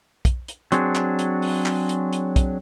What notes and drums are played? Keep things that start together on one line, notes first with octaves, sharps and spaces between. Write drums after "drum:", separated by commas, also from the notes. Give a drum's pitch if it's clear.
drum: kick, hi-hat
drum: hi-hat
F#3 C4 D4 G#4, drum: hi-hat
drum: clap
drum: hi-hat
drum: open hi-hat
drum: clap
drum: hi-hat
drum: hi-hat
drum: kick, hi-hat